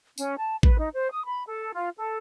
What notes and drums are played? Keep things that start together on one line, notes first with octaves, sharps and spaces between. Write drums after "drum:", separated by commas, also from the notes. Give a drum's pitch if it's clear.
C#4, drum: tambourine
A5
B4, drum: kick
D#4
C5
D#6
B5
A4
F4
A4